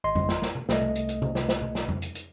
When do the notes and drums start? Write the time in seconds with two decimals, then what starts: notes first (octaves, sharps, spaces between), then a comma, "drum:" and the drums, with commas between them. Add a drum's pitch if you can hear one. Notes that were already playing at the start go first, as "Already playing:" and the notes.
0.04 G#1 D#5 C6
0.15 drum: tom F2
0.29 drum: snare
0.42 drum: snare
0.55 drum: tom C3
0.69 C2 A3 D#5, drum: snare
0.82 drum: tom C3
0.95 drum: hi-hat
1.09 drum: hi-hat
1.22 drum: tom C3
1.35 drum: snare
1.49 drum: snare
1.62 drum: tom C3
1.75 drum: snare
1.89 drum: tom F2
2.02 drum: hi-hat
2.15 drum: hi-hat